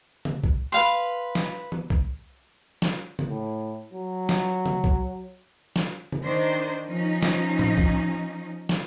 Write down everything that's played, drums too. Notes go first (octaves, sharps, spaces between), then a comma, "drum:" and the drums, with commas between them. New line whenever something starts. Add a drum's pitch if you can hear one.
drum: tom C#3
drum: kick B1
B4 F5 C6
drum: snare
drum: tom D#3
drum: kick B1
drum: snare
drum: tom C#3
A2
F#3
drum: snare
drum: tom C#3
drum: kick B1
drum: snare
drum: tom C#3
D#3 D4 C5
F3 C#4 D#4
drum: snare
drum: tom A2
drum: kick B1
drum: snare